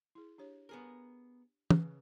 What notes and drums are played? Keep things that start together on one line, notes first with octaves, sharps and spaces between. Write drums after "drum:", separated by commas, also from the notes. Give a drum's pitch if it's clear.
E4 G#4
D4 G4 C#5
B3 G#4 A#4
C#3 B4, drum: tom